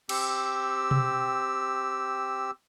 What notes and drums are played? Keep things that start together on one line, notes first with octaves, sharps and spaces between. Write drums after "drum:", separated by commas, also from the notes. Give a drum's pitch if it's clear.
C4 G4 E6, drum: cymbal
drum: tom B2